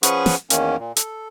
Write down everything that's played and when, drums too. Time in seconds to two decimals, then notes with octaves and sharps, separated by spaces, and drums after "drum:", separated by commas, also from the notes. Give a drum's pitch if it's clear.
0.03 F3 C#4 G#4 B4 F#5 C#6, drum: hi-hat
0.26 drum: snare
0.50 E2 D#3 A#3 C#4, drum: hi-hat
0.79 A#2
0.97 A4, drum: hi-hat